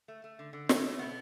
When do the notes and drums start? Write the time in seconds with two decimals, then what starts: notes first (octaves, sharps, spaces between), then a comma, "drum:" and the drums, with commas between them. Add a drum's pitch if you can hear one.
0.08 A3
0.24 A3
0.39 D3
0.53 D3
0.69 A3, drum: snare
0.84 A3
0.98 B2 B3